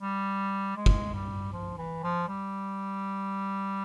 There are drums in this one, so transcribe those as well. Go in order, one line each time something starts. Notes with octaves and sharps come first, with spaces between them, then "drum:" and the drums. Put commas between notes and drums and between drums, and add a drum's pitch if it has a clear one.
G3
G#3
drum: kick
G3
F3
E3
F3
G3